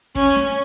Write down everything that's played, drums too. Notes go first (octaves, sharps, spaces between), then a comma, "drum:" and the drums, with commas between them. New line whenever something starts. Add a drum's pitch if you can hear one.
C#4, drum: kick
drum: snare